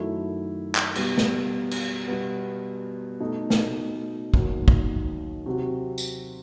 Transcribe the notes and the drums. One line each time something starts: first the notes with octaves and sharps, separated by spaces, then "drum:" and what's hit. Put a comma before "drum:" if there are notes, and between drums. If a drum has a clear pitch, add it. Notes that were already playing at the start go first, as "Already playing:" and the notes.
Already playing: F#2 D#3 F#3 A3 E4
drum: clap
B2 G3 B3 F#4, drum: cymbal
drum: snare
drum: cymbal
B2 G3 B3
B2 A3 D#4
drum: snare
D#2 D#3 F#3, drum: kick
drum: kick
C3 F#3 C4 F#4
drum: tambourine